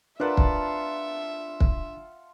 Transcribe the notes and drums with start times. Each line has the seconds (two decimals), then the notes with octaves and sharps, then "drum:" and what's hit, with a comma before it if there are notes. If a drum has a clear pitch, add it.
0.20 D4 F4 A#4 B4 D5 E5 F#5 A5
0.37 drum: kick
1.60 drum: kick